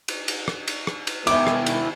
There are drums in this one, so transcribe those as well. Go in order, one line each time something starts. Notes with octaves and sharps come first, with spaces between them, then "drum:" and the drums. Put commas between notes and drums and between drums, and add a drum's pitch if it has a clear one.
drum: cymbal
drum: cymbal
drum: rim click
drum: cymbal
drum: rim click
drum: cymbal
D#3 B3 E4 E5 G5 G#5 D6, drum: cymbal
drum: rim click
drum: cymbal